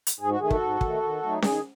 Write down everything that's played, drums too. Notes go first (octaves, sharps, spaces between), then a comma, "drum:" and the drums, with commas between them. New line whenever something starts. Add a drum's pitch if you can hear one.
drum: hi-hat
G#2 G#4
F#4
D#3 A3 G#4
F#4 A4, drum: kick
G#2
D#3 A3, drum: kick
D#3
F#3 A3 D#4
D#3 G#4, drum: snare C#4